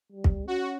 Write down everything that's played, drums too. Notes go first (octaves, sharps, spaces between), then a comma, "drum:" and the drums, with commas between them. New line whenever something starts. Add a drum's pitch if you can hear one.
G3
drum: kick
C#4 F#4